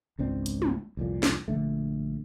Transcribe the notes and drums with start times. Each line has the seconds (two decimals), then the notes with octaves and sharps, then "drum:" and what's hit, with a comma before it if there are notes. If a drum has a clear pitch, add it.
0.19 G#1 C#2 C4 D4
0.46 drum: hi-hat
0.62 drum: tom
0.97 C2 F2 A#2
1.23 drum: snare
1.48 A#1 D3 A3